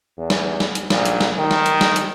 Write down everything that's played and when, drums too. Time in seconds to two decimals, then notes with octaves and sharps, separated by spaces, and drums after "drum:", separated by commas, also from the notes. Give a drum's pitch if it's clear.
0.17 E2
0.30 drum: snare
0.60 drum: snare
0.75 drum: hi-hat
0.90 A#1, drum: snare
1.05 drum: hi-hat
1.21 drum: snare
1.39 D#3
1.51 drum: snare
1.66 drum: hi-hat
1.81 drum: snare
1.96 drum: hi-hat